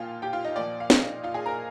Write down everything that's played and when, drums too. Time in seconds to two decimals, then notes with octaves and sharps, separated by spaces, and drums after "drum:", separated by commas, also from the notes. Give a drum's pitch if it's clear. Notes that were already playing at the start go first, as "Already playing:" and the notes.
Already playing: A#2 F3 F4 F5 G5
0.22 G4 G5
0.33 F4 F5
0.45 D#4 D#5
0.56 A#2 F3 D5
0.80 F5
0.90 D#4 D#5, drum: snare
1.24 F4 F5
1.34 G#4 G#5
1.46 A#4 A#5